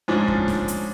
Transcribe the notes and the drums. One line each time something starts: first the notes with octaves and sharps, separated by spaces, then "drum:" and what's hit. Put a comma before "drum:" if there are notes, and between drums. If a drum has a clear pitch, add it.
G#2 F3 C#4 D4
drum: kick
drum: snare
drum: hi-hat